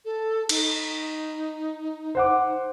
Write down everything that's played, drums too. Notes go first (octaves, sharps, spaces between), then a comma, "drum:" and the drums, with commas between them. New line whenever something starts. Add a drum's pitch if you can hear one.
A4
D#4, drum: cymbal
C5 F#5 D6